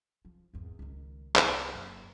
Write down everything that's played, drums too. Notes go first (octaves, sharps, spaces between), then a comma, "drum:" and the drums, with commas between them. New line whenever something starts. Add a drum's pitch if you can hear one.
F3
G#1 E2
C#2 D#3
C2 B3, drum: clap
F#1